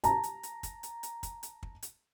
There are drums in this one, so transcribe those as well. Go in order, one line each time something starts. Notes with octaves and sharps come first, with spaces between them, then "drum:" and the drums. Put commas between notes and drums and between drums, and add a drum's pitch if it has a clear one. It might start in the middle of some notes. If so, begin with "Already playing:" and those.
A5 A#5, drum: kick, hi-hat
drum: hi-hat
drum: hi-hat
drum: kick, hi-hat
drum: hi-hat
drum: hi-hat
drum: kick, hi-hat
drum: hi-hat
drum: kick
drum: hi-hat